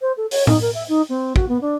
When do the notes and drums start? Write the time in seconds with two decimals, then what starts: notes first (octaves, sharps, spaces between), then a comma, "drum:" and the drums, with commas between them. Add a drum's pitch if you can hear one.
0.01 C5
0.17 A4
0.31 C#5, drum: open hi-hat
0.47 D#4, drum: tom A2
0.61 A#4
0.75 E5
0.89 D#4
1.09 C4
1.36 F#4, drum: kick
1.49 B3
1.61 D4